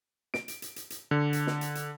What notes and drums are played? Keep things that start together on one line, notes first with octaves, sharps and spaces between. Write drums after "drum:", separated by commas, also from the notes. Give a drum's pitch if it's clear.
D7, drum: snare
drum: hi-hat
drum: hi-hat
drum: hi-hat
drum: hi-hat
D3
drum: hi-hat
drum: snare
drum: hi-hat
drum: hi-hat